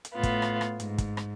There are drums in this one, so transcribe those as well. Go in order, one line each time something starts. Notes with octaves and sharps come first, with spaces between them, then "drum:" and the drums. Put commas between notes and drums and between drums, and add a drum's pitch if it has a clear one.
drum: hi-hat
A2 B3 F4
drum: kick, hi-hat
drum: rim click
drum: rim click
G#2, drum: hi-hat
drum: kick, hi-hat
drum: rim click